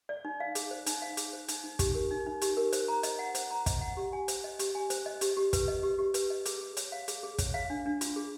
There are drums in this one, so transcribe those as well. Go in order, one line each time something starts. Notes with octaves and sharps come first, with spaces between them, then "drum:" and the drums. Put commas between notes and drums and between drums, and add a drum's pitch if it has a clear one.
D5
D#4
F5
G#4, drum: hi-hat
C5
D#4, drum: hi-hat
F5
G#4, drum: hi-hat
C5
D#4, drum: hi-hat
D#4
G4, drum: kick, hi-hat
A#4
D#4
D#4
G4, drum: hi-hat
A#4
C5, drum: hi-hat
A#5
D#5, drum: hi-hat
F#5
C5, drum: hi-hat
A#5
D#5, drum: kick, hi-hat
F#5
G4
G#5
C5, drum: hi-hat
D#5
G4, drum: hi-hat
G#5
C5, drum: hi-hat
D#5
G4, drum: hi-hat
G4
B4, drum: kick, hi-hat
D#5
G4
G4
B4, drum: hi-hat
D#5
G#4, drum: hi-hat
G#4
C#5, drum: hi-hat
F5
G#4, drum: hi-hat
G#4
C#5, drum: kick, hi-hat
F5
D4
D4
F4, drum: hi-hat
G#4